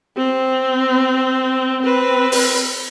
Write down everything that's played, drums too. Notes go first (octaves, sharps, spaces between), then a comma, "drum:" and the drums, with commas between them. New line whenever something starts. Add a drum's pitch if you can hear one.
C4
C4 B4
drum: open hi-hat